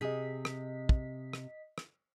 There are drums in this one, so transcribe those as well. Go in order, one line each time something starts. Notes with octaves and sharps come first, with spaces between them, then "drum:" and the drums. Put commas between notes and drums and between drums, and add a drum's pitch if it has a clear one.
C3 G#4 D#5 B6
drum: rim click
drum: kick
drum: rim click
drum: rim click